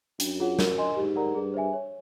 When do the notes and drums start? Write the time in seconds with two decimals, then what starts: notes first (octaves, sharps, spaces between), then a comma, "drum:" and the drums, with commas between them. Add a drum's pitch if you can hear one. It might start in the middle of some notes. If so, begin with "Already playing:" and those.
0.20 F#2 D4, drum: hi-hat
0.40 F4 G#4 C#5 F#5
0.59 A#4, drum: snare
0.78 D#5 G#5 C6
0.96 G#2 G4
1.16 A#4 D5 F#5 A#5
1.35 G2 G#4
1.54 C5 E5 G#5
1.73 C#5